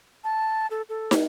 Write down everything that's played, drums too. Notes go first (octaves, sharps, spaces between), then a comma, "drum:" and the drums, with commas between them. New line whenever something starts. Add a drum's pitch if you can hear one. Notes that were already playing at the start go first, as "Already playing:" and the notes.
A5
A4
A4
drum: snare